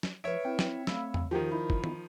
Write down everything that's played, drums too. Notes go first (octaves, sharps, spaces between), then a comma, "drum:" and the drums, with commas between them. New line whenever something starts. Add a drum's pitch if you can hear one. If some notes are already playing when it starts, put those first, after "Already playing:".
drum: snare
F3 B4 C#5 E5 D7
C4 E4 G5
drum: snare
A3 F5 B5 E6, drum: snare
drum: tom E2
D#3 F3 F#4 G4 A#4
D#4 E4 B5
drum: kick
drum: tom D#3